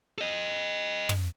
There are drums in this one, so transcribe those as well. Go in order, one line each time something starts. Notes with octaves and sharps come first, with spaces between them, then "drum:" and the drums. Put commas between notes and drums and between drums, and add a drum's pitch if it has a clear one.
A4 D#5
drum: tom